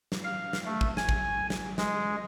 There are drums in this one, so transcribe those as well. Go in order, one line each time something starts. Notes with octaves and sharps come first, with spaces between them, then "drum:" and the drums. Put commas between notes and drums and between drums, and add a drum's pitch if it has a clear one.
drum: snare
F5
drum: snare
A3
drum: kick
G#5, drum: snare
drum: kick
drum: snare
G#3, drum: snare